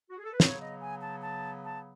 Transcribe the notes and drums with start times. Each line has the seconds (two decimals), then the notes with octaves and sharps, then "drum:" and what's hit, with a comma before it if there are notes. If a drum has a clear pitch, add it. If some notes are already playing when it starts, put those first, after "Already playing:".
0.10 F#4
0.18 G#4
0.24 A4
0.32 B4
0.40 C#3 F#3 B3 C#5, drum: snare
0.61 D#5
0.81 G#5
1.01 A5
1.23 A5
1.65 A5